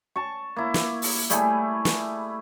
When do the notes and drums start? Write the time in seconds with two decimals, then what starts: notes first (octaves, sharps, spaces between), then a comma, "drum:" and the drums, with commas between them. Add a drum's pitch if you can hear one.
0.16 A5 C#6
0.56 A#3 E4
0.74 drum: snare
1.02 drum: open hi-hat
1.30 G3 A3 E4 G#4, drum: hi-hat
1.85 drum: snare